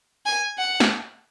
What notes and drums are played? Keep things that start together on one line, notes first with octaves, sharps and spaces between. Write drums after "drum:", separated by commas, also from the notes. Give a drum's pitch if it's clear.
G#5
F#5
drum: snare